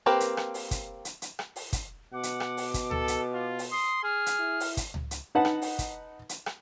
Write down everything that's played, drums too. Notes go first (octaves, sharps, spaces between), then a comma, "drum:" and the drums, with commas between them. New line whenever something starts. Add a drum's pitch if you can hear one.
A#3 C4 G4 A#4 B4
drum: hi-hat
drum: rim click
drum: open hi-hat
drum: kick, hi-hat
drum: hi-hat
drum: hi-hat
drum: rim click
drum: open hi-hat
drum: kick, hi-hat
B2 F#5 D6
drum: hi-hat
drum: rim click
drum: open hi-hat
drum: kick, hi-hat
A4, drum: tom C#2
drum: hi-hat
F4
drum: open hi-hat
C6 D#6
G#4 F6
drum: hi-hat
E4
drum: open hi-hat
drum: kick, hi-hat
drum: tom C#2
drum: hi-hat
D#4 B4 F#5 A5
drum: rim click
drum: open hi-hat
drum: kick, hi-hat
drum: hi-hat
drum: rim click